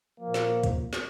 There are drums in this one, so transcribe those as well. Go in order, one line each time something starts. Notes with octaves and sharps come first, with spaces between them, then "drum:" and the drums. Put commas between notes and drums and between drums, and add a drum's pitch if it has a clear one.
A#2 F3 A#3
drum: snare
drum: kick, hi-hat
drum: snare